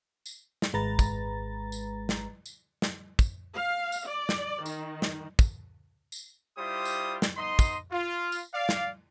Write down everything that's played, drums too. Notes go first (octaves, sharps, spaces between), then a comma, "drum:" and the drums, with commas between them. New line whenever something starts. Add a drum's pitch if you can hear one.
drum: tambourine
drum: snare
G#1 G#3 B4 A#5 A6
drum: kick, tambourine
drum: tambourine
drum: snare
drum: tambourine
drum: snare
drum: kick, tambourine
F5
drum: tambourine
D5
drum: snare
D#3, drum: tambourine
drum: snare
drum: kick, tambourine
drum: tambourine
G3 E4 F4 G4 C5 D#6
drum: tambourine
drum: snare
B3 D#4 D#5 C6
drum: kick, tambourine
F4
drum: tambourine
D5 F5
drum: snare